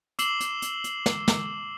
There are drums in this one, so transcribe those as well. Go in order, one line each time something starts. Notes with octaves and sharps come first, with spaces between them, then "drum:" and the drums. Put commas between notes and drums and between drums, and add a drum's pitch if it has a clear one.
D6 E6 C7 E7 F#7 G7, drum: hi-hat
drum: hi-hat
drum: hi-hat
drum: hi-hat
drum: snare
drum: snare